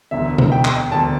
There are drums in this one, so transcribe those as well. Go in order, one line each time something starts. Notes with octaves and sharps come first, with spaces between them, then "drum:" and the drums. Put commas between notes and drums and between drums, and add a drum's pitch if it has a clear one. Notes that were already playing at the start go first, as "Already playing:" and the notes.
E1 D2 D3 E5
drum: tom B2
G5
drum: clap
E1 D2 D3 A5